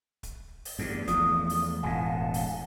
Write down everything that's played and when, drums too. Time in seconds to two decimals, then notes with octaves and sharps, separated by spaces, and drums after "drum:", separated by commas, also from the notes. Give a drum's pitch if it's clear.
0.23 drum: kick, hi-hat
0.65 drum: open hi-hat
0.79 E2 G2 A3
1.07 E2 F3 D#6, drum: kick, hi-hat
1.50 drum: open hi-hat
1.83 E1 A2 F5 F#5 G#5 A5
2.34 drum: open hi-hat